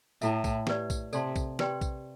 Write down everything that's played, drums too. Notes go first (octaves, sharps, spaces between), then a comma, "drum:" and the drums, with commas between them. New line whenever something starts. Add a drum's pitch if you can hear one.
A2 E4 A4 E5, drum: tambourine
drum: kick A#1, tambourine
G4 B4 D5, drum: snare
drum: kick A#1, tambourine
C3 A4 D5 A5 C6, drum: tambourine
drum: kick A#1, tambourine
G4 B4 D5 G5 C6, drum: snare
drum: kick A#1, tambourine